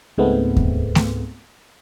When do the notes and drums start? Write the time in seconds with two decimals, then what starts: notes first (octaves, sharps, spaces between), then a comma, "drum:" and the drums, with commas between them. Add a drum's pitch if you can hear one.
0.18 C#2 G#2 G#3 A3 B3 C4
0.56 drum: kick D#2
0.95 drum: snare A3